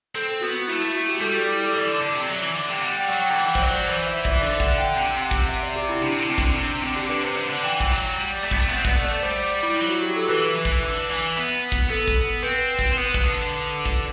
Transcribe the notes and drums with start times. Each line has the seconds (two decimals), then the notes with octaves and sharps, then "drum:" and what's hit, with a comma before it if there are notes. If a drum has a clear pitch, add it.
0.15 C4 A4
0.41 B3 F#4
0.68 A3 E4
0.82 F#4
0.96 F#4
1.08 G4
1.21 G3 A4
1.35 G4
1.48 E4
1.61 A4
1.75 E3 D5
1.88 D3
2.02 D3
2.15 C3
2.28 F#3
2.42 E3
2.55 D3
2.69 C3
2.82 G3 F#5
2.96 G5
3.08 F#3 F#5
3.22 G5
3.30 D3
3.35 E3 G5
3.49 F#5
3.55 C5, drum: kick
3.62 F#3 D5
3.75 C5
3.89 E3 C5
4.07 E5
4.25 D5, drum: kick
4.38 D5
4.42 D3 E5
4.60 F#5, drum: kick
4.78 G5
4.95 C3 G5
5.22 F#5
5.31 drum: kick
5.49 E5
5.63 D5
5.76 G4
5.89 E4
6.02 C3 D4
6.20 D3
6.29 C3 C4
6.38 D3, drum: kick
6.56 C3 D4
6.69 D4
6.82 D3 C4
6.96 G4
7.09 D3 B4
7.23 C3 C5
7.36 D3 D5
7.49 D3 F#5
7.63 E3 G5
7.80 drum: kick
7.90 F#3
8.15 G3
8.43 A3
8.51 B3, drum: kick
8.60 A3
8.69 B3 F#5
8.77 C4
8.85 B3 D5, drum: kick
8.96 A3
9.05 D5
9.23 G3 C5
9.36 D5
9.63 E4
9.76 F#3 E4
9.89 F#4
10.03 G4
10.16 A4
10.29 E3 B4
10.56 E3
10.65 drum: kick
10.83 D3
11.09 E3
11.36 B3
11.72 drum: kick
11.90 B3 A4
12.08 drum: kick
12.43 C4 B4
12.79 drum: kick
12.92 C4
12.96 B3 B4
13.14 drum: kick
13.24 D3
13.86 drum: kick